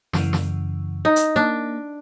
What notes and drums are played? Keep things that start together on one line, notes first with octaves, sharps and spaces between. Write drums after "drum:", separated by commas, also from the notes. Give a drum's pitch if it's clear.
F#2 C#3 E3, drum: snare
drum: snare
D#4
drum: hi-hat
A#3 D4